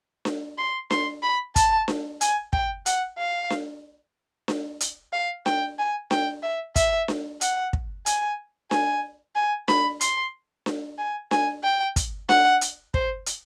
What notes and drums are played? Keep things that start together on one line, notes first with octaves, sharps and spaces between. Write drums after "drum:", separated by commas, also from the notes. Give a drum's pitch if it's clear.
drum: snare D4
C6
C6, drum: snare D4
B5
A5, drum: kick, hi-hat
drum: snare D4
G#5, drum: hi-hat
G5, drum: kick
F#5, drum: hi-hat
F5
drum: snare D4
drum: snare D4
drum: hi-hat
F5
G5, drum: snare D4
G#5
G5, drum: snare D4
E5
E5, drum: kick, hi-hat
drum: snare D4
F#5, drum: hi-hat
drum: kick
G#5, drum: hi-hat
G#5, drum: snare D4
G#5
B5, drum: snare D4
C6, drum: hi-hat
drum: snare D4
G#5
G#5, drum: snare D4
G5
drum: kick, hi-hat
F#5, drum: snare D4
drum: hi-hat
C5, drum: kick
drum: hi-hat